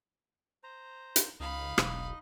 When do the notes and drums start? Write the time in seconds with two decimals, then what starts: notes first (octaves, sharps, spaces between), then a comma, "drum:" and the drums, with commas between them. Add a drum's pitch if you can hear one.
0.64 C5 A#5
1.16 drum: hi-hat
1.40 C#2 D#4 D#5 F5 B5
1.78 E1 B1, drum: rim click